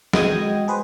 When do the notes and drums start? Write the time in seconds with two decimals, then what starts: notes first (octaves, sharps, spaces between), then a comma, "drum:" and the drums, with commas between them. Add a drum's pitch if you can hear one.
0.13 G#3 F#4 D#5 G5 D#6 G#6, drum: snare
0.68 G#4 B4 C5